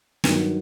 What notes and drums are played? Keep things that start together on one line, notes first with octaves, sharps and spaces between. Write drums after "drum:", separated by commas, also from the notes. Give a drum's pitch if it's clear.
G2 D#3 F#3, drum: snare